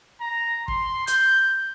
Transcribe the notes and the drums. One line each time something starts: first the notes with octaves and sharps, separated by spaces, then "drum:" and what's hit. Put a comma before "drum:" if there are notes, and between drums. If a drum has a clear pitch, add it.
A#5
C6, drum: kick
G6, drum: hi-hat